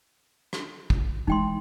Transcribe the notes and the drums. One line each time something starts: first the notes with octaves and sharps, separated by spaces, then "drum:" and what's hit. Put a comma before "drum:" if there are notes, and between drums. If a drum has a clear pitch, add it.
drum: rim click
drum: kick
E3 G#3 D#4 G5 C6